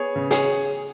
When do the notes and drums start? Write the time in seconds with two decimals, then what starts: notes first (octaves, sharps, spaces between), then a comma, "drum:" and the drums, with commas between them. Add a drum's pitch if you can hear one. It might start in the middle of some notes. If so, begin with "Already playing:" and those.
Already playing: B3 G#4 C#5
0.16 C#3
0.31 G#4 C#5, drum: hi-hat